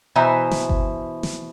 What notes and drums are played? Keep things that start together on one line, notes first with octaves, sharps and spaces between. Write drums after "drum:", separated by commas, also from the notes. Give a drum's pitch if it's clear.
B2 E3 C5 E5 G#5 A#5
drum: snare
drum: kick G1
drum: snare